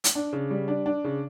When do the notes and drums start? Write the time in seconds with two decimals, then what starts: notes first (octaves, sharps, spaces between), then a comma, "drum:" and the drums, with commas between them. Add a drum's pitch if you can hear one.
0.04 drum: hi-hat
0.15 D4
0.33 C#3
0.50 G3
0.68 D4
0.86 D4
1.04 C#3